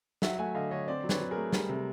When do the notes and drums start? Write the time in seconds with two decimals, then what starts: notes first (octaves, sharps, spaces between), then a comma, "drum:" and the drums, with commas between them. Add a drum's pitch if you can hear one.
0.22 F#3 E5 F#5, drum: snare
0.38 A3 F#5 G#5
0.55 D3 D#5 F5
0.71 D3 C#5 D#5
0.87 C4 C5 D5
1.04 F#3
1.09 B4 C#5, drum: snare
1.20 F#3
1.31 G#4 A#4
1.36 A3
1.52 G3, drum: snare
1.69 C3